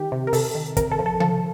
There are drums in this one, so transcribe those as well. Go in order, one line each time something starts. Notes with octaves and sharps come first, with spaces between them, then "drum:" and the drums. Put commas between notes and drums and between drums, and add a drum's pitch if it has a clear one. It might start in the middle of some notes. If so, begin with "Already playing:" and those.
Already playing: D#3 G4
C3
A#4
C3 A4, drum: open hi-hat
D#3
C3 A#4, drum: kick, hi-hat
A4
F3
A4
F3 A4, drum: tom C3